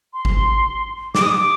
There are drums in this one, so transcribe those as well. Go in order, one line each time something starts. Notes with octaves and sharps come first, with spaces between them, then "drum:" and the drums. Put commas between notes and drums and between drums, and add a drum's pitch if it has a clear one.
C6
drum: kick G#1
D6, drum: snare
D#6
D6